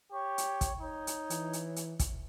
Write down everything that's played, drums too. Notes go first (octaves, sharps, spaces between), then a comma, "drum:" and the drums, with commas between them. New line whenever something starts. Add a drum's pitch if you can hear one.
G4 C#5 C#6
drum: hi-hat
drum: kick, hi-hat
D#4 C#5
drum: hi-hat
E3, drum: hi-hat
drum: hi-hat
drum: hi-hat
drum: kick, hi-hat